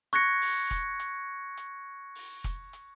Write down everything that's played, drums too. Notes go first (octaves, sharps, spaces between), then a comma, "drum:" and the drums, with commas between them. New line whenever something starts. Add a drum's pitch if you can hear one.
C#6 F#6 G#6 A#6 C#7, drum: hi-hat
drum: open hi-hat
drum: kick F1, hi-hat
drum: hi-hat
drum: hi-hat
drum: open hi-hat
drum: kick F1, hi-hat
drum: hi-hat